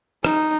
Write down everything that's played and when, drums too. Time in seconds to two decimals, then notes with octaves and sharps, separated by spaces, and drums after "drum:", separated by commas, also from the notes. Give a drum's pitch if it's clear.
0.24 D#4, drum: rim click